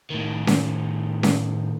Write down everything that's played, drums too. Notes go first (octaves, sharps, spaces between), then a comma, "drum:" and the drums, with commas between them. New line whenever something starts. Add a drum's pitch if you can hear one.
A2 D#3
drum: snare C#4
drum: snare C#4